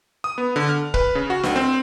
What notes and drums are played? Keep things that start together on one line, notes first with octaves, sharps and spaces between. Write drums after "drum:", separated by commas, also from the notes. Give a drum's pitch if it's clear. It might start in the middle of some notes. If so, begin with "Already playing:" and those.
D#6
B3
D3
F6
B4, drum: kick
C#3
F#4
C#2, drum: snare D4
C4